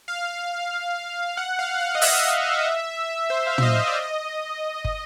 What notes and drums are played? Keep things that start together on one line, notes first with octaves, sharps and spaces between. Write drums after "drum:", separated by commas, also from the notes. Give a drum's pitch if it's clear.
F5
F#5
F5
F5
D#5
E5, drum: open hi-hat
C5
F5
E5, drum: tom
D#5
E5
D5
D#5
drum: kick